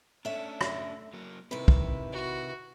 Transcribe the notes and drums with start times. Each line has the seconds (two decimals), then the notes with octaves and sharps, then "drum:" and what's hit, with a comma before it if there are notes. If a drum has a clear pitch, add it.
0.25 A3 C#4 D4 E5
0.61 drum: rim click
1.13 F#3 A#3
1.51 C3 D#3 E4 B4
1.68 drum: kick
2.12 F#4